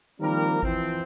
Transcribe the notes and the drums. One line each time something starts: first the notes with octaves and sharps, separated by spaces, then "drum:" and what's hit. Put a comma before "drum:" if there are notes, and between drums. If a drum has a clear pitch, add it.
D#3 F3 G3 A#3 C4 A#4
E3 F3 C4, drum: kick G#1